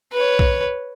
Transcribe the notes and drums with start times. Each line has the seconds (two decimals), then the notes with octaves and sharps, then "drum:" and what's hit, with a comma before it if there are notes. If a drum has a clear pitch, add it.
0.13 B4 C#5
0.39 drum: kick B1